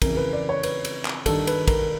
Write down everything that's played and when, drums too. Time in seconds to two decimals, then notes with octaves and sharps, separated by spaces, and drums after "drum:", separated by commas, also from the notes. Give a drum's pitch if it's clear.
0.02 F2 C#3 E3 A#4, drum: kick, cymbal
0.17 B4
0.33 D5
0.49 C#5
0.63 B4, drum: cymbal
0.85 drum: cymbal
1.05 drum: clap
1.26 G2 D#3 A4, drum: kick, cymbal
1.47 B4, drum: cymbal
1.68 A#4, drum: kick, cymbal